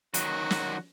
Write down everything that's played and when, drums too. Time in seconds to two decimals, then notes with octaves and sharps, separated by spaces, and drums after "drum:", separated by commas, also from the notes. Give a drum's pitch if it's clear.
0.14 D#3 F#3 F#4, drum: hi-hat
0.50 drum: snare